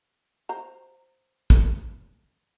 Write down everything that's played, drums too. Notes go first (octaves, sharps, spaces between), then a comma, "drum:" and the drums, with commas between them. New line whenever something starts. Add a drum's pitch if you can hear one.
C5 A#5
drum: kick